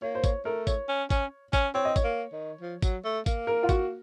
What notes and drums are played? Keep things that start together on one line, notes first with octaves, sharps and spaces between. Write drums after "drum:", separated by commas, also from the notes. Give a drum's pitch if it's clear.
A#3 C#5
C5
C#5, drum: kick G#1, tambourine
A3 A#4
C#5, drum: kick G#1, tambourine
C#4
C#4, drum: kick G#1, tambourine
C#4, drum: kick G#1, tambourine
C4 C#5
D#5
C#5, drum: kick G#1, tambourine
A#3
D#3
F3
F#3, drum: kick G#1, tambourine
A3
A#3, drum: kick G#1, tambourine
A#4
F4
F#4, drum: kick G#1, tambourine